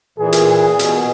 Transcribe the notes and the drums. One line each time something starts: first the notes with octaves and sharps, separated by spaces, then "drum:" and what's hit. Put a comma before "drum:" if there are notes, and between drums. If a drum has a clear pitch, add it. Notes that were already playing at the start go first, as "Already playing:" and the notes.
A#2 E3 G#4
drum: hi-hat
B2, drum: hi-hat